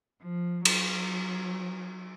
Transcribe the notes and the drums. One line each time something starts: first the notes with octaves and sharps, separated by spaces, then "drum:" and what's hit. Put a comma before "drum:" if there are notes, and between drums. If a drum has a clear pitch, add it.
F3
F#3, drum: cymbal